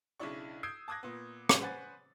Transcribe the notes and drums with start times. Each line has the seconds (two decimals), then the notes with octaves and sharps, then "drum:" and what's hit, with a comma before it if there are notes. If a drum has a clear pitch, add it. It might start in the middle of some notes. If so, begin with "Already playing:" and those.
0.20 B1 C#3 D4 E4 D5 C#6
0.63 D#6 E6 G6 G#6 C7 D7
0.88 A5 D6 D#6 F#6 G#6 A#6
1.03 A#2 B3
1.49 drum: rim click
1.61 B4 C5 F#5 G#5 A6